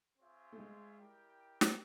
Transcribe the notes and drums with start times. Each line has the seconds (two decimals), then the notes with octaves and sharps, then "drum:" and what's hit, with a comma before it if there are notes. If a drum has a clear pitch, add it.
0.18 C4 F4 G#4 C#5 E5
0.52 A3
0.58 G#3
0.98 E4 G4 A#4 D5 G5
1.61 drum: snare